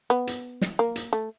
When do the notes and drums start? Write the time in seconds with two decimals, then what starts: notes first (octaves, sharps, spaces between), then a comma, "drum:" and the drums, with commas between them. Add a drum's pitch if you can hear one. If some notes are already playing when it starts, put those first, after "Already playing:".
0.10 B3
0.27 drum: hi-hat
0.61 drum: snare
0.79 A#3
0.96 drum: hi-hat
1.13 A3